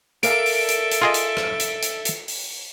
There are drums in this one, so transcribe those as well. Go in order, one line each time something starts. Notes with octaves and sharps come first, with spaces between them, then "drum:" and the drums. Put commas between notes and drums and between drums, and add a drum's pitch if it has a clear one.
A4 A#4 D5 E5 F5 D7, drum: hi-hat
drum: open hi-hat
drum: hi-hat
drum: hi-hat
F4 G#4 D#5
drum: hi-hat
drum: rim click
drum: hi-hat
drum: hi-hat
drum: hi-hat
drum: open hi-hat